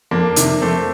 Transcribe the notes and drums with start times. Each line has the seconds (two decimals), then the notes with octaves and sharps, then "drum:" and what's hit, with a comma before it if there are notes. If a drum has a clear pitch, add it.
0.11 F2 A#3 D4
0.36 C3 D#3, drum: hi-hat
0.61 F2 A3 C4